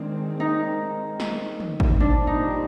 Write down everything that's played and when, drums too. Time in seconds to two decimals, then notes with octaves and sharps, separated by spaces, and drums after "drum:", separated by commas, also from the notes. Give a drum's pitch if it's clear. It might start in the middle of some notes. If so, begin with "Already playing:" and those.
Already playing: D#3 G#3 C4 D4
0.40 D#4
1.20 drum: snare
1.60 drum: tom
1.80 drum: kick G#1
2.00 A#2 G3 C4 D4
2.27 D#4